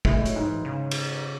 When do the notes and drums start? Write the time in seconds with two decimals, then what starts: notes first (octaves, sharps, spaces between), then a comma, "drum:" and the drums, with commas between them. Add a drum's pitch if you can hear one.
0.05 A2 G#3, drum: kick
0.25 F#3, drum: hi-hat
0.36 G#2
0.46 E3
0.65 C#3
0.91 drum: cymbal